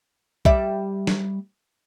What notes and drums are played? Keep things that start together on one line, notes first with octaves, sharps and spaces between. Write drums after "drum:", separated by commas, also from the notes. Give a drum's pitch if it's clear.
G3 D5 E5, drum: kick B1
drum: snare